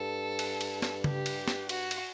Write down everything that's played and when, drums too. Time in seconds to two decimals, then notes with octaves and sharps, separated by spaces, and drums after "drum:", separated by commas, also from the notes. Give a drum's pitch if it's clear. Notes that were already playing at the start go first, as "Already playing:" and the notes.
Already playing: G2 A4
0.39 drum: cymbal
0.61 drum: cymbal
0.82 drum: snare
1.04 G4, drum: tom C#3
1.26 drum: cymbal
1.48 drum: snare
1.69 F#4, drum: cymbal
1.91 drum: cymbal